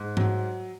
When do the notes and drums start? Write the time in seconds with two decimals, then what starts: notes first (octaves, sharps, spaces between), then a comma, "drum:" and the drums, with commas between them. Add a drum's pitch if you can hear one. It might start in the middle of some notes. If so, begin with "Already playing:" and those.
Already playing: G#2
0.17 F#3, drum: tom G#2